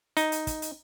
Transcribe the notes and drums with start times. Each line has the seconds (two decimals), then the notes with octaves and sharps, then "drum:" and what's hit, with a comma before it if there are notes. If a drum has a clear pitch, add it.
0.17 D#4, drum: hi-hat
0.32 drum: hi-hat
0.47 drum: kick, hi-hat
0.62 drum: hi-hat